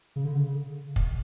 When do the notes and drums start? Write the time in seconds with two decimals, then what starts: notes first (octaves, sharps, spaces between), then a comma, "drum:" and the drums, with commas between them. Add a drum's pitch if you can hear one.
0.16 C#3
0.25 D3
0.35 C#3
0.96 drum: kick